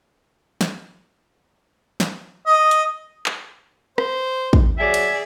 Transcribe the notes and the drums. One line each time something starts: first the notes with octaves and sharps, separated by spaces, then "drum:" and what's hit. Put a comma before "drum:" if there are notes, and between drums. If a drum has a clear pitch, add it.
drum: snare
drum: snare
D#5
drum: hi-hat
drum: clap
C5, drum: rim click
drum: kick
F#3 G#4 D5 E5
drum: cymbal